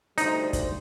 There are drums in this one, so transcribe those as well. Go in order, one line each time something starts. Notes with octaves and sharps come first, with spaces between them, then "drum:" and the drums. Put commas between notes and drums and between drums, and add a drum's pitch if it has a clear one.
D2 G3 D#4 C5, drum: hi-hat
drum: kick, hi-hat